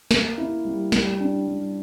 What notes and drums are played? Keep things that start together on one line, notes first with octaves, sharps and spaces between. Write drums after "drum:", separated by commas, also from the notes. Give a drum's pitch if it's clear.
A#3, drum: snare
E4
G3
G3, drum: snare
D4
G3